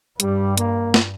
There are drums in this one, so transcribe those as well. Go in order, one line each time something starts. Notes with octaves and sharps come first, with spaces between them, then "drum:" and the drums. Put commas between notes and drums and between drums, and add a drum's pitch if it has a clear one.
G2 G3, drum: hi-hat
A#3, drum: hi-hat
drum: snare